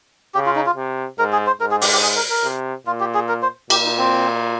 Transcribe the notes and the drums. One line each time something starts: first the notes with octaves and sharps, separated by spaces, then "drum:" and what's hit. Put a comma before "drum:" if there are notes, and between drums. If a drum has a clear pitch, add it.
C#3 G4
F4
D#4
F4
C3
G#2 A#4
G#4
C5
G#2 A#4
G#4
G4, drum: open hi-hat
G4
G#4
A#4
A#4
C3
A#2 F4
G4
G#4
A#4
C5
A#2 G4, drum: cymbal
D#4
C4